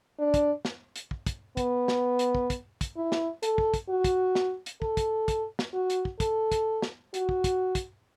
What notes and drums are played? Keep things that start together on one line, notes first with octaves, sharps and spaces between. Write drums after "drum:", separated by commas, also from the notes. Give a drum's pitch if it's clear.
D4
drum: kick, hi-hat
drum: snare
drum: hi-hat
drum: kick
drum: kick, hi-hat
B3, drum: kick, hi-hat
drum: snare
drum: hi-hat
drum: kick
drum: kick, hi-hat
drum: kick, hi-hat
E4
drum: snare
A4, drum: hi-hat
drum: kick
drum: kick, hi-hat
F#4
drum: kick, hi-hat
drum: snare
drum: hi-hat
A4, drum: kick
drum: kick, hi-hat
drum: kick, hi-hat
drum: snare
F#4
drum: hi-hat
drum: kick
A4, drum: kick, hi-hat
drum: kick, hi-hat
drum: snare
F#4, drum: hi-hat
drum: kick
drum: kick, hi-hat
drum: kick, hi-hat